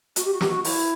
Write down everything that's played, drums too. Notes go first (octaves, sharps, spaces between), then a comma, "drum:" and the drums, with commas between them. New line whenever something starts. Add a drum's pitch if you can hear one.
F#4, drum: hi-hat
G4
F#4
G4, drum: snare
F#4
E4, drum: open hi-hat